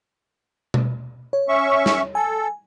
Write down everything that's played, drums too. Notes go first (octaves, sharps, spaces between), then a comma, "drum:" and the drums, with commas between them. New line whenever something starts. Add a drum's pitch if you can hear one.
drum: tom B2
C#5
C#4 E5 C#6
drum: snare
A4 G#5